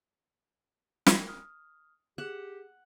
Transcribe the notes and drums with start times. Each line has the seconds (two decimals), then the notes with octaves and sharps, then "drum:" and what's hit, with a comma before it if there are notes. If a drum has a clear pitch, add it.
1.06 drum: snare
1.28 D#6 F6
2.18 G4 G#4 F#5 E7